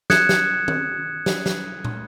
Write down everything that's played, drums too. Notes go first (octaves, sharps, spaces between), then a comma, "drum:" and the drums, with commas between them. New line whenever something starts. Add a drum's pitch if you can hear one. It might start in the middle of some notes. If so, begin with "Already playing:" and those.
D#6 F#6 G#6 C#7 E7, drum: snare
drum: snare
drum: tom
drum: snare
drum: snare
drum: tom